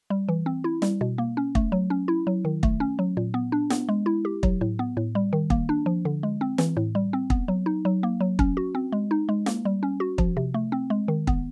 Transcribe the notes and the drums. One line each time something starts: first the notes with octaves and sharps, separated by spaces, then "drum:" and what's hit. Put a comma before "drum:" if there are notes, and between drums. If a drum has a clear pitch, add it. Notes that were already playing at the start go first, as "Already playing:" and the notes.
G3
E3
C4
E4
G3, drum: snare
B2
A#3
C#4
A3, drum: kick
F#3
C#4
E4
F#3
D#3
A3, drum: kick
C#4
F#3
A#2
B3
D4
B3, drum: snare
G#3
E4
G4
F#3, drum: kick
A2
B3
A2
G3
D#3
A#3, drum: kick
D4
F3
D3
G#3
C4
E3, drum: snare
A2
G3
C4
B3, drum: kick
F#3
D#4
F#3
A#3
F#3
C#4, drum: kick
F#4
C4
G#3
D#4
G#3
A#3, drum: snare
G3
C#4
F#4
F3, drum: kick
C3
A3
C4
G#3
D#3
B3, drum: kick